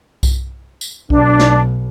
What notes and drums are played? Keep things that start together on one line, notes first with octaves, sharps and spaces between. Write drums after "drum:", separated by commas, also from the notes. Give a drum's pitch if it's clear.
drum: kick B1, tambourine
drum: tambourine
B1 D4, drum: kick B1
drum: snare